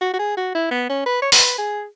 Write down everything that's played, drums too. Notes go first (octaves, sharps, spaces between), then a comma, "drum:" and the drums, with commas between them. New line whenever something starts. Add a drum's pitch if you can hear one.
F#4
F#4
G#4
F#4
E4
B3
C#4
B4
C#5
B4, drum: open hi-hat
G#4